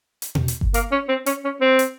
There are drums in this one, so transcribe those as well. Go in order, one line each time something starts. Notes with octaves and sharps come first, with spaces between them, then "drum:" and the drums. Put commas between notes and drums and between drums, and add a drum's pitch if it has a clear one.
drum: hi-hat
drum: tom B2
drum: hi-hat
drum: kick G1
A#3, drum: hi-hat
C#4
C4
C#4, drum: hi-hat
C#4
C4
drum: hi-hat